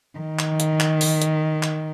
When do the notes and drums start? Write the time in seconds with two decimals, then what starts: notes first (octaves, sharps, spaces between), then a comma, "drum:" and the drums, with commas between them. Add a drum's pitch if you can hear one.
0.19 D#3
0.39 drum: clap
0.60 drum: hi-hat
0.80 drum: clap
1.01 drum: open hi-hat
1.22 drum: hi-hat
1.63 drum: clap